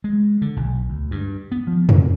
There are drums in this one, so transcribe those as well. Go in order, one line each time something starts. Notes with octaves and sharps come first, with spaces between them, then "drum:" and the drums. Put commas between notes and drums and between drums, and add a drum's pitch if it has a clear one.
G#3
D3
B1
D2
G2
B3
F3
C#3, drum: tom F2